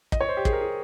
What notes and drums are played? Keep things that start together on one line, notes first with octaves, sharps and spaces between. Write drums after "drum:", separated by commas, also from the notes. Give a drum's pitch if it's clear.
D#5, drum: kick
C#5
C5
G4
G#4, drum: kick
A#4
G#4